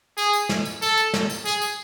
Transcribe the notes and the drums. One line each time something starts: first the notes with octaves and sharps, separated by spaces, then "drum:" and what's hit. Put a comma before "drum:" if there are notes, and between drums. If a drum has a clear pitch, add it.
G#4, drum: tambourine
drum: tambourine
drum: snare
drum: tambourine
A4, drum: tambourine
drum: tambourine
drum: snare
drum: tambourine
G#4, drum: tambourine
drum: tambourine